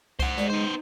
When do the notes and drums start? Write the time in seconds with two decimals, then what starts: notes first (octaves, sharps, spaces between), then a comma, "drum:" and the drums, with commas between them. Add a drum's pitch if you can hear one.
0.19 C5 F#5, drum: kick C2, cymbal
0.37 G#3 D5, drum: snare
0.50 B3 D#4 C5